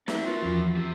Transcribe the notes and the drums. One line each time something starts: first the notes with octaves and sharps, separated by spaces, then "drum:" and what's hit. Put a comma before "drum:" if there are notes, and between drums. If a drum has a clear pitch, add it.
C4 D5 E5, drum: snare
F4 F#4 A#4
E2 F3
C4 G4